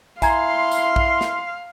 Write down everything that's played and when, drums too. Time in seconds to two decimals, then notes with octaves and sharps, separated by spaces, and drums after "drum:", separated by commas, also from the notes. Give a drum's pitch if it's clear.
0.22 E4 F5 G#5 A#5 C6 G#6, drum: kick A#1, tambourine
0.71 drum: tambourine
0.96 drum: kick A#1
1.21 drum: snare